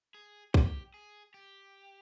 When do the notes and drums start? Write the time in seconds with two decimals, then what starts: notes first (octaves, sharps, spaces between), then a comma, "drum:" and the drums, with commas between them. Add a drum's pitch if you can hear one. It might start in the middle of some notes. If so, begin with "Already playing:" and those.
0.14 G#4
0.54 G4, drum: kick
0.94 G#4
1.34 G4